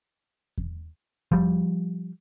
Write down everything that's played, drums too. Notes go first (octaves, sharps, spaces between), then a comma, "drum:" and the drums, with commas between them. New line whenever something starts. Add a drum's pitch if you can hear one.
drum: kick E2
F3 G3, drum: kick E2